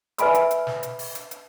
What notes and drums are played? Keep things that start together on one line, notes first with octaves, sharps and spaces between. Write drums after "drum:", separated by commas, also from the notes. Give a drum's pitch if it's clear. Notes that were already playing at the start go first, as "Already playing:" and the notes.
B4 E5 G#5 B5 E6, drum: hi-hat
drum: hi-hat
drum: hi-hat
drum: snare
drum: hi-hat
drum: open hi-hat
drum: hi-hat
drum: hi-hat